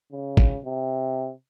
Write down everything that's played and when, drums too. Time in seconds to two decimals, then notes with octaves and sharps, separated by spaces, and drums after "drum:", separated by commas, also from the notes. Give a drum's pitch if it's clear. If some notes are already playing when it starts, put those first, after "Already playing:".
0.12 C#3
0.37 drum: kick G#1
0.65 C3